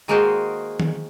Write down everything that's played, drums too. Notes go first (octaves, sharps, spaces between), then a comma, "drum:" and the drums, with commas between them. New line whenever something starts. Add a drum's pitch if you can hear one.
D#3 G#3 A#3 F#4 G#4 C5
drum: tom D#3